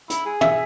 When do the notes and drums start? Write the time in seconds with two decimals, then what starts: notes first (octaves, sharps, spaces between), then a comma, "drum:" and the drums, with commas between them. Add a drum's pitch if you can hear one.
0.10 E4, drum: hi-hat
0.26 G#4
0.41 E5, drum: tom